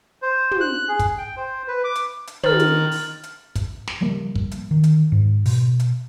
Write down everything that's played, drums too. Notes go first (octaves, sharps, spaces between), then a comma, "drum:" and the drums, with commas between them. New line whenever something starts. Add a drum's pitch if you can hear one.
C5
drum: tom
F#6
G#4
drum: kick, hi-hat
G5
C5
B4
D6
drum: hi-hat
drum: hi-hat
D#3 F6 A6 F#7, drum: tom
drum: hi-hat
drum: open hi-hat
drum: hi-hat
drum: kick, hi-hat
drum: snare
C#3 F3 G3 A#3
drum: kick
drum: hi-hat
D#3
drum: hi-hat
G#2
B2, drum: open hi-hat
drum: hi-hat